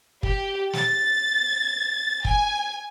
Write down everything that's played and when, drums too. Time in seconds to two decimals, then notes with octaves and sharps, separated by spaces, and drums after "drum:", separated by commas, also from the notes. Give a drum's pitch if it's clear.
0.23 G4, drum: kick
0.73 A6, drum: snare
2.25 G#5, drum: kick